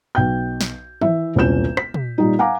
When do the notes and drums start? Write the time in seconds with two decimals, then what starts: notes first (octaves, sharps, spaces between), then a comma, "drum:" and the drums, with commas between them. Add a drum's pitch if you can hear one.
0.15 B1 G5 G6
0.61 drum: snare
1.02 E3 E5, drum: tom
1.35 E1 C2 A#2 C#4 G6 E7
1.77 B6, drum: rim click
1.94 drum: tom
2.18 A#2 G3 D#4
2.39 F5 F#5 G#5 A#5 D6